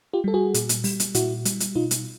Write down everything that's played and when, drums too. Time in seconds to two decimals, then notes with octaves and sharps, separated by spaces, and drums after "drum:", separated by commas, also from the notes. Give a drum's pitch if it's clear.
0.13 F4 G4
0.24 G3 A4
0.34 F#4 G#4
0.54 A#2, drum: hi-hat
0.69 drum: hi-hat
0.84 G3, drum: open hi-hat
1.00 drum: hi-hat
1.15 A#2 E4 F#4, drum: hi-hat
1.45 G3, drum: hi-hat
1.60 drum: hi-hat
1.75 B2 D#4 F4
1.91 drum: hi-hat